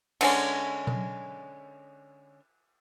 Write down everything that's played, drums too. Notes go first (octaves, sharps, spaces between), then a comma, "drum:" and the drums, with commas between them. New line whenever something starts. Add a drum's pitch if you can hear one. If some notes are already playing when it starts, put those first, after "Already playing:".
D3 G#3 C#4, drum: cymbal
drum: tom B2